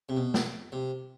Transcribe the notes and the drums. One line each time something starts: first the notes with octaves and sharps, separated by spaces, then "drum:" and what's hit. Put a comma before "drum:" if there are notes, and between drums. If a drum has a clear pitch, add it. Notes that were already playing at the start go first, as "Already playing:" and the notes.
C3
B2
drum: snare
C3